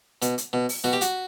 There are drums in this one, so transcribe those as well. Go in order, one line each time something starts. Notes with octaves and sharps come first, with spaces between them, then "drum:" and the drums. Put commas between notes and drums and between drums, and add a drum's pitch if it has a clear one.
B2, drum: hi-hat
drum: hi-hat
B2
drum: open hi-hat
B2 F#4
G4
F#4, drum: hi-hat